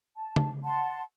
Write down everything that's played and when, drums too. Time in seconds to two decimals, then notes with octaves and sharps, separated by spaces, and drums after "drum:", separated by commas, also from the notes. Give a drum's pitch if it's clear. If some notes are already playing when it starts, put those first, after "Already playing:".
0.16 A5
0.36 drum: tom C#3
0.64 F#5 A5 C6